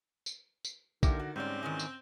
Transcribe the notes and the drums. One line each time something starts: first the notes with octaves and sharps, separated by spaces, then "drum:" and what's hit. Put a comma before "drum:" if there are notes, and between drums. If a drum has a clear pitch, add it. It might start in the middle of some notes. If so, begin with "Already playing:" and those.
drum: tambourine
drum: tambourine
D3 D#3 A#3 E4 G4 D6 A#6, drum: kick, tambourine
F#4
G#2 G3 C4 C#4 C#5 D5
D#3 E3 G#3
drum: tambourine